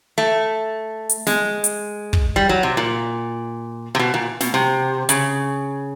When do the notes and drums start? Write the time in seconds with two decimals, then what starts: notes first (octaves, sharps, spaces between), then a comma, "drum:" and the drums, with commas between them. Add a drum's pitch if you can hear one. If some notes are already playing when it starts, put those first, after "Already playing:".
0.18 A3
1.10 drum: hi-hat
1.27 G#3, drum: snare
1.64 drum: hi-hat
2.13 drum: kick
2.36 G3
2.49 F#3
2.63 C3
2.77 A#2
3.95 C3
3.99 B2
4.14 A#2
4.41 B2, drum: snare
4.54 C3
5.09 C#3, drum: hi-hat